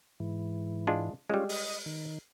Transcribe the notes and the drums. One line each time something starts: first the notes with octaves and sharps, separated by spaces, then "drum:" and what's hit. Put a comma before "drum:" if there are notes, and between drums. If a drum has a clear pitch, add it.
G#2 E3
G#3 D4 F4
G3 G#3 C#4 F4
D#5, drum: open hi-hat
D#3